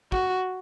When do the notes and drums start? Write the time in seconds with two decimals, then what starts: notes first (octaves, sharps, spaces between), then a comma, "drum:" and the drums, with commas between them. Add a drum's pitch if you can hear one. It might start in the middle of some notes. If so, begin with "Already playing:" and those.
0.12 F#4, drum: kick